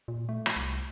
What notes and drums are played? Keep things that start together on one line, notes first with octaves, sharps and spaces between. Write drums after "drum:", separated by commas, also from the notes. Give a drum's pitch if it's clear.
A#2
A3
drum: rim click
C2